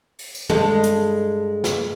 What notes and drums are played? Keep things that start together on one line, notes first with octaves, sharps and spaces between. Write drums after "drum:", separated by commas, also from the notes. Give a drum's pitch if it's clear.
drum: open hi-hat
drum: tambourine
G2 G#3 A4, drum: tom
drum: hi-hat
drum: snare